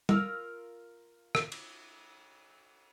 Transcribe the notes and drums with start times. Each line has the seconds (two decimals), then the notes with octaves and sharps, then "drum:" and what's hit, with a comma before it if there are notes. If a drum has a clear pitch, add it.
0.09 F4 A#4 E6, drum: tom
1.35 drum: rim click
1.52 drum: cymbal